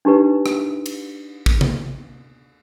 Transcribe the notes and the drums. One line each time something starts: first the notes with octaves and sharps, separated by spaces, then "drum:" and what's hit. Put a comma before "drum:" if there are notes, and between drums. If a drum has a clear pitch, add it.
D4 D#4 G4 B4
drum: rim click
drum: cymbal
drum: kick
drum: tom C3